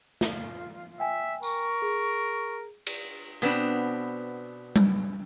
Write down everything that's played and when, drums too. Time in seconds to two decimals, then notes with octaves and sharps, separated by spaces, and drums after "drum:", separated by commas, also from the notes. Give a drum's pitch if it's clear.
0.21 F4, drum: snare
1.00 E5 G5 G#5
1.43 A#4 C#6, drum: tambourine
1.82 G#4
2.87 drum: cymbal
3.42 B2 B3 C4 D4
4.76 drum: tom G3